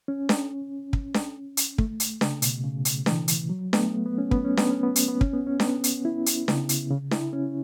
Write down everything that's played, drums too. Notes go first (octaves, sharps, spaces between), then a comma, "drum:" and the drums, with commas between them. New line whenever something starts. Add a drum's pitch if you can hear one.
C#4
drum: snare D4
drum: kick
drum: snare D4
drum: hi-hat
A3, drum: kick
drum: hi-hat
C#3, drum: snare D4
B2, drum: hi-hat
C#3
drum: hi-hat
E3, drum: snare D4
drum: hi-hat
F#3
B3, drum: snare D4
A3
B3
C#4
B3, drum: kick
C#4
B3, drum: snare D4
C#4
B3
C#4, drum: hi-hat
B3
C#4, drum: kick
B3
C#4
B3, drum: snare D4
drum: hi-hat
E4
drum: hi-hat
C#3, drum: snare D4
drum: hi-hat
C#3
E4, drum: snare D4
C#4